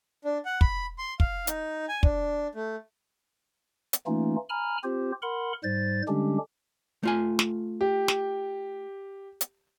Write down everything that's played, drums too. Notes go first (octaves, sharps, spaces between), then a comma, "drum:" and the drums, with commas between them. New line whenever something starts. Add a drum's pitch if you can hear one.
D4
F#5
B5, drum: kick
C6
F5, drum: kick
D#4, drum: hi-hat
G#5
D4, drum: kick
A3
drum: hi-hat
E3 A3 A#3 C#4 D#4 F4
G#5 A#5 B5 F6
C4 F4 G4 C5
A#4 F#5 B5 C6
G#2 G3 C5 A6
D3 G3 G#3 C#4 D4 G4
A3 F4 G#5
drum: snare
G4
drum: snare
drum: hi-hat